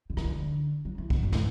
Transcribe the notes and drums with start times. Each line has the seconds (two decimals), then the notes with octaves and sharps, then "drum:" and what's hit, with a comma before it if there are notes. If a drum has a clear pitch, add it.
0.10 D3
0.17 E3, drum: rim click
0.25 D3
0.85 F#3
0.98 E3
1.10 D3, drum: kick A#1
1.23 F#2
1.32 A2, drum: snare